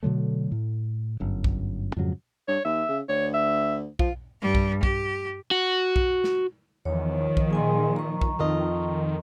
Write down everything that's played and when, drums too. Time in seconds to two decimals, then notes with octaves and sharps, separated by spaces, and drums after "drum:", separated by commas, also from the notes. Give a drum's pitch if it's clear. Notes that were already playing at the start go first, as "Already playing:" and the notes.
0.03 B2 D3 F#3 A3
0.52 A2
1.20 G1 F#2
1.44 drum: kick B1
1.97 F2 G#2 C#3 F#3
2.48 G2 C#5
2.65 D#2 E5
2.89 C#3
3.09 D2 C#5
3.34 E5
3.99 F3 F4, drum: kick B1
4.42 G2 G3
4.55 drum: kick B1
4.83 G4, drum: kick B1
5.51 F#4
5.96 drum: kick B1
6.24 drum: snare
6.85 E2 D#3 F3 C#5
7.37 drum: kick B1
7.51 A#2 G#4 G#5 C6
7.96 A#5 C#6
8.21 drum: kick B1
8.39 F2 D#3 F4 D#5